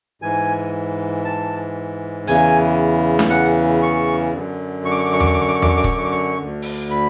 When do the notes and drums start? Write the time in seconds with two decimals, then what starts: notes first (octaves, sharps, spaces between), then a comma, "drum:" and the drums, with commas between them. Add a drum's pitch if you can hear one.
0.22 G#2 E3 G#5
1.25 A5
2.27 E2 C#3 E3 G#5, drum: hi-hat
3.19 drum: snare D4
3.30 F#5
3.82 C#6
4.33 F#2 D3
4.85 C#6
4.91 D6
4.99 C#6
5.06 D6
5.13 C#6
5.20 D6, drum: tom E2
5.26 C#6
5.34 D6
5.41 C#6
5.48 D6
5.55 C#6
5.62 D6, drum: tom E2
5.69 C#6
5.77 D6
5.84 C#6, drum: kick
5.91 D6
5.98 C#6
6.04 D6
6.12 C#6
6.39 D2 D3
6.62 drum: open hi-hat
6.91 B5